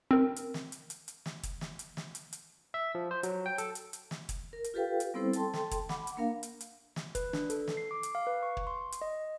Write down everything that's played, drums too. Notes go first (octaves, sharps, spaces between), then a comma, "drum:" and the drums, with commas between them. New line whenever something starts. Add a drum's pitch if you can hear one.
C4 A#4
drum: hi-hat
drum: snare
drum: hi-hat
drum: hi-hat
drum: hi-hat
drum: snare
drum: kick, hi-hat
drum: snare
drum: hi-hat
drum: snare
drum: hi-hat
drum: hi-hat
E5
F3
C5
F#3, drum: hi-hat
G5
A4, drum: hi-hat
drum: hi-hat
drum: hi-hat
drum: snare
drum: kick, hi-hat
A#4
drum: hi-hat
F4 G4 A4 B4 F5 G5
drum: hi-hat
G3 B3 C4 E4 A4 C5
A4 G5 A5 C6, drum: hi-hat
drum: snare
drum: kick, hi-hat
F#5 B5 D6, drum: snare
drum: hi-hat
A#3 D4 A#4 F5
drum: hi-hat
drum: hi-hat
drum: snare
B4, drum: kick, hi-hat
D4, drum: snare
A4, drum: hi-hat
drum: snare
C7
D6
drum: hi-hat
F5
B4
C#6
drum: kick
C6
drum: hi-hat
D#5